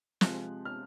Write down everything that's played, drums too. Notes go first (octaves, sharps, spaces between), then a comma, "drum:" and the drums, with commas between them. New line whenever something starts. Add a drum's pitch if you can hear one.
C3 F3 G#3 F#6, drum: snare
F6